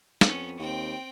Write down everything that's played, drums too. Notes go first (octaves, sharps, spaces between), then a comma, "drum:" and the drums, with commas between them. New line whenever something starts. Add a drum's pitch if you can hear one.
F2 B3 C#4, drum: snare
D#2 C4 G5